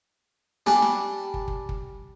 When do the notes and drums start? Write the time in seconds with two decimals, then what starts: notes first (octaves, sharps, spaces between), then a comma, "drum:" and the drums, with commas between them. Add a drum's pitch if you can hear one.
0.66 G3 D4 G#5, drum: snare
0.82 drum: snare
1.34 drum: kick
1.48 drum: kick
1.69 drum: kick